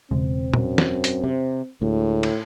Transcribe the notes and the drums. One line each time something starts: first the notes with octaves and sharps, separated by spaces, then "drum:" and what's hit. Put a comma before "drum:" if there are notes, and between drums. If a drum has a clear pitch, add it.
E1 C#3 G#3 C4
F#2, drum: tom A#2
drum: snare
drum: hi-hat
C3
D2 A2 G#3
drum: cymbal